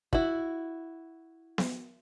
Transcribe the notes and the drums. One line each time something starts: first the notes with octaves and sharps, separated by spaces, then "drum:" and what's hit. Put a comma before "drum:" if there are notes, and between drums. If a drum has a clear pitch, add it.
E4 F#4, drum: kick
drum: snare B3